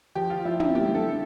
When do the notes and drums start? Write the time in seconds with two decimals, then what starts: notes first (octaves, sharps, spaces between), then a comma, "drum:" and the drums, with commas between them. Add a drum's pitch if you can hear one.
0.15 F3 G4
0.30 F4
0.45 F3 E4
0.60 E4, drum: tom
0.75 D3 G4
0.95 A4
1.05 D3